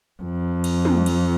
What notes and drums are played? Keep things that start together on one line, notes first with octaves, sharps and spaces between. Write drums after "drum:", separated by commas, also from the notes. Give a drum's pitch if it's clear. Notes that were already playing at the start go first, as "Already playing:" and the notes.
F2
drum: cymbal
drum: tom
drum: cymbal